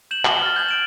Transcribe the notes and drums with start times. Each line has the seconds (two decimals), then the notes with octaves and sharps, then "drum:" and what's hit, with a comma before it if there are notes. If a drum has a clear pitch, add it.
0.11 G6 E7 F#7
0.25 G7, drum: clap
0.42 F6 A6
0.56 G6 G#6 F#7
0.69 G6 D7 E7